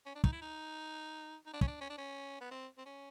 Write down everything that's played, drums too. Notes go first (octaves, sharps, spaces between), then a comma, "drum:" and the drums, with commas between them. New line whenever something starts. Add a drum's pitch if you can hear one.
C#4
D4
D#4, drum: kick
E4
D#4
D#4
D4
C#4, drum: kick
D4
C#4
D4
C#4
B3
C4
C4
C#4